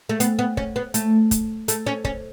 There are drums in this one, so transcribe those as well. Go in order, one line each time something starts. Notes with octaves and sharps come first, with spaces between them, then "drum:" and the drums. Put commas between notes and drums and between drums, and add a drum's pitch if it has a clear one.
A3
B3, drum: hi-hat
B3
C#4, drum: kick
B3
A3, drum: hi-hat
drum: kick, hi-hat
A3, drum: hi-hat
C#4
C#4, drum: kick